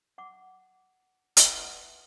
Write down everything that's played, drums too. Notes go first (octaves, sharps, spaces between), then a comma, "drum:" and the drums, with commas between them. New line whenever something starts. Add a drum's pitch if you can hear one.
F#5 D6
B4 E5 F#5 C6, drum: hi-hat